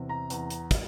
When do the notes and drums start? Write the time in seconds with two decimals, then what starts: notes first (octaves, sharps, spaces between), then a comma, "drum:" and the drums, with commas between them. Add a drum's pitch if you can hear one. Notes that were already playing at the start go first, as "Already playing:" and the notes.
Already playing: E2 C3
0.09 A#5
0.30 E2, drum: hi-hat
0.50 drum: hi-hat
0.71 drum: kick, hi-hat